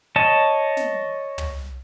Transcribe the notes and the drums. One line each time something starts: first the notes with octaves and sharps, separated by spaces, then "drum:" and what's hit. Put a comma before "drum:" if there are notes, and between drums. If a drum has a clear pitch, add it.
C#5 D#5 A5
drum: snare
drum: tom